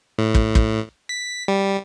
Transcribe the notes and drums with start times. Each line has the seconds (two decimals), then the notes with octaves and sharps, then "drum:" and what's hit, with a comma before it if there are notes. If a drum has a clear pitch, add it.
0.18 A2
0.35 drum: kick
0.55 drum: kick
1.09 B6
1.48 G3